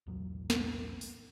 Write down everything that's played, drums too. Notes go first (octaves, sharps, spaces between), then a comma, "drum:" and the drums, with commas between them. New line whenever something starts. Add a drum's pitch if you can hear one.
B1 E2 A2 F#3
drum: snare
drum: open hi-hat